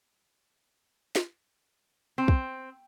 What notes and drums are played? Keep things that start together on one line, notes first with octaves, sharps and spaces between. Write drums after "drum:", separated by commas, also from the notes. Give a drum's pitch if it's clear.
drum: snare
C4
drum: kick